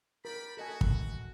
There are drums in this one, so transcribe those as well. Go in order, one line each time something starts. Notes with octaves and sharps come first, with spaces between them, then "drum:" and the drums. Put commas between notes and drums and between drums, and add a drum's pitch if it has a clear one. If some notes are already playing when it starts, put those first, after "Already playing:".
A#4 D5 G5 B5
F#4 A4 D#5 G#5
drum: kick